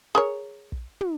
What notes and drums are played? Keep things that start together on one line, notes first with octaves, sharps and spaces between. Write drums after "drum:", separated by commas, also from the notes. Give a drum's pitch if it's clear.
G#4 A#4 C#5
drum: kick
drum: tom